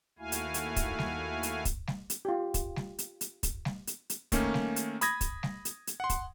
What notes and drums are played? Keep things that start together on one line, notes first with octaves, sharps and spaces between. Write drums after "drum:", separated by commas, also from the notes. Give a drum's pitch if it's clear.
D#2 A3 E4 F#4 F5 G#5
drum: hi-hat
drum: hi-hat
drum: kick, hi-hat
drum: snare G3
drum: hi-hat
drum: kick, hi-hat
drum: snare G3
drum: hi-hat
F4 G4
drum: kick, hi-hat
drum: snare G3
drum: hi-hat
drum: hi-hat
drum: kick, hi-hat
drum: snare G3
drum: hi-hat
drum: hi-hat
D#3 A3 A#3 C#4, drum: kick, hi-hat
drum: snare G3
drum: hi-hat
B5 D#6 G#6 A#6, drum: hi-hat
drum: kick, hi-hat
drum: snare G3
drum: hi-hat
drum: hi-hat
F#5 C6
drum: kick, hi-hat